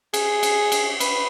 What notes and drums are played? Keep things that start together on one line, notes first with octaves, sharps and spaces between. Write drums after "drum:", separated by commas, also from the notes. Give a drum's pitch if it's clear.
G#4, drum: cymbal
drum: cymbal
drum: cymbal
B4, drum: cymbal